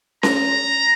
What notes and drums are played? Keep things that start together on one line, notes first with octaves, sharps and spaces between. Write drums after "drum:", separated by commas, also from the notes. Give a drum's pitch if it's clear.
A#5, drum: snare C#4